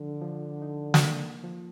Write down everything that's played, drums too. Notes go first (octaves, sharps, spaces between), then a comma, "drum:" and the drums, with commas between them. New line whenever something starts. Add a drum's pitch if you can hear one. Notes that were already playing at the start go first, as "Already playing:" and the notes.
Already playing: D3 F3
F3
D#4
drum: snare
A#3
F3